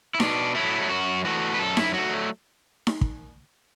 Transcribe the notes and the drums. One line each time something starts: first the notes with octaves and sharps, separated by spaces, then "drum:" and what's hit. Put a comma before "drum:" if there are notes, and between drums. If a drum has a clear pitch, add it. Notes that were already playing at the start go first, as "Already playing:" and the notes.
E4
B2 D4, drum: snare D#4
F#3 A3 E4
E4
F#2 F#4
E3 A3 F#4
B4
F#2 A4
E4, drum: snare D#4
F#3 A3 F#4
drum: snare D#4
drum: kick